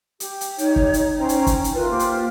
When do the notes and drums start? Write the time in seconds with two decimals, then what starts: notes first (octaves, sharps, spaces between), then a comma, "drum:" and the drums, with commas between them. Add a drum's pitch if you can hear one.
0.20 G4, drum: hi-hat
0.41 drum: hi-hat
0.58 D#4 C#5, drum: hi-hat
0.76 drum: kick
0.94 drum: hi-hat
1.18 C#4 C5 G5 A#5
1.29 drum: hi-hat
1.47 drum: kick, hi-hat
1.64 drum: hi-hat
1.74 E4 F4 A#4 B4
1.90 A#3 G4 C5 D6
2.00 drum: hi-hat